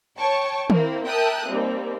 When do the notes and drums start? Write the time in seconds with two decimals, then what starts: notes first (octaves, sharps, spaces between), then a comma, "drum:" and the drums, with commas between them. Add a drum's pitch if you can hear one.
0.18 C#5 G5 A5 C#6
0.70 A#3 C4 E4 A#4, drum: tom D#3
1.05 A#4 E5 G5 A5 D#6 F#6
1.47 D#2 G3 A#3 C4